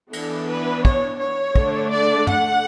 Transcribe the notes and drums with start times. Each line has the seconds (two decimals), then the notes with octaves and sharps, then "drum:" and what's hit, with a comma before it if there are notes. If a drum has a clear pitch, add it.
0.13 E3 B3 D4 A4, drum: cymbal
0.49 B4
0.85 C#5, drum: kick
1.20 C#5
1.55 D3 A3 D4, drum: kick
1.92 D5
2.27 F#5, drum: tom